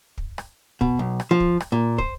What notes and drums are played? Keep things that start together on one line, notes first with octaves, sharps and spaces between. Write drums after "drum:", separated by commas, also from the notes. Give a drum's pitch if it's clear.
drum: kick
drum: rim click
B2, drum: kick
B1
drum: rim click
F3
drum: kick
drum: rim click
A#2
C5, drum: kick